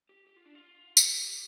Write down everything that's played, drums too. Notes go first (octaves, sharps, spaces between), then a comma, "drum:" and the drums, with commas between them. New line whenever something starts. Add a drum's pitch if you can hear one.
G4
G4
F4
D4
F4
G4, drum: tambourine